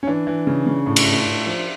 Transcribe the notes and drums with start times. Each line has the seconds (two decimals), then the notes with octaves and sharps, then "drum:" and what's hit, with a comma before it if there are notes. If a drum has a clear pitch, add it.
0.03 C#4
0.07 E3 D4
0.27 E3
0.47 C#3
0.67 C#3
0.86 A2
0.96 drum: cymbal
1.06 A2
1.26 A2
1.46 F3